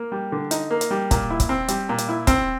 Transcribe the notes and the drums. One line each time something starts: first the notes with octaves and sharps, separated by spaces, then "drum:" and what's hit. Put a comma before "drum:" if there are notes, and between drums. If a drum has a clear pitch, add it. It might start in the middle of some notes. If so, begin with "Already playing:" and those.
Already playing: A#3
G3
D3
D#4, drum: hi-hat
A#3
drum: hi-hat
G3
A#2, drum: kick, hi-hat
E4
drum: kick, hi-hat
C4
G3, drum: hi-hat
A#2
drum: hi-hat
E4
C4, drum: kick, hi-hat